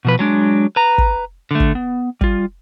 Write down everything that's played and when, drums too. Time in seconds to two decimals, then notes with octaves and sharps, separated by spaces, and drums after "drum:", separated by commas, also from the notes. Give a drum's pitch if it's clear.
0.05 B2 F3 B4
0.19 F#3 G#3 D4
0.76 B4 A#5
0.98 drum: kick
1.51 D3 A3
1.60 drum: kick
1.75 B3
2.21 G3 F4, drum: kick